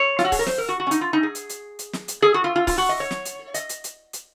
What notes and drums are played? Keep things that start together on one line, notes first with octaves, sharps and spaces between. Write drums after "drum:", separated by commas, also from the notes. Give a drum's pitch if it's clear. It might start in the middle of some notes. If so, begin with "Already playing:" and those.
Already playing: C#5
F4, drum: snare
F#4
G#4, drum: kick C#1, open hi-hat
A#4
C5, drum: snare
A#4
F#4
F#4
C#4
D#4, drum: hi-hat
F4
D#4
G#4
drum: hi-hat
drum: hi-hat
drum: hi-hat
drum: snare
drum: hi-hat
G#4
F#4
F4
F4
F4, drum: kick C#1, open hi-hat
F#4
D#5
C#5
drum: snare
drum: hi-hat
D#5, drum: hi-hat
drum: hi-hat
drum: hi-hat
drum: hi-hat